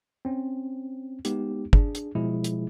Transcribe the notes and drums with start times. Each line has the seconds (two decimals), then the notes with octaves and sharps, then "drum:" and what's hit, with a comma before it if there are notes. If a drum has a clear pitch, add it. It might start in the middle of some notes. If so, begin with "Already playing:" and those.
0.25 C4 C#4
1.25 G#3 B3 D#4 G4, drum: hi-hat
1.73 D4 G#4, drum: kick
1.95 drum: hi-hat
2.15 B2 F3 G#3 E4 G#4
2.44 drum: hi-hat